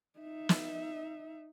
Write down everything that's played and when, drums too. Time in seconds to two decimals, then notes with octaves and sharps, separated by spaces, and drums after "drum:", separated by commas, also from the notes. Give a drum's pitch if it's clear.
0.19 D#4 E5
0.49 drum: snare